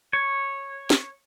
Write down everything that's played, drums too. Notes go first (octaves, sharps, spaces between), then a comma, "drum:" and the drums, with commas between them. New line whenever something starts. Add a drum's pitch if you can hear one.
C#5
drum: snare